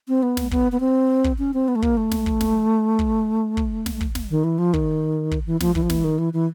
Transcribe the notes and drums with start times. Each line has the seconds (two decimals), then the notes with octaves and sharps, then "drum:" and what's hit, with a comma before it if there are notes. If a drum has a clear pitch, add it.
0.08 C4
0.23 B3
0.37 drum: snare
0.51 B3, drum: kick
0.72 B3
0.80 C4
1.24 drum: kick
1.39 C#4
1.54 C4
1.68 B3
1.76 A3
1.82 A#3, drum: kick
1.97 A3
2.12 drum: snare
2.26 drum: kick
2.41 drum: snare
2.99 drum: kick
3.57 drum: kick
3.86 drum: snare
4.01 drum: kick
4.15 drum: snare
4.30 D#3
4.44 E3
4.58 F3
4.74 D#3, drum: kick
5.31 drum: kick
5.46 E3
5.61 F3, drum: snare
5.75 E3, drum: kick
5.83 F3
5.90 E3, drum: snare
6.04 D#3
6.18 E3
6.33 E3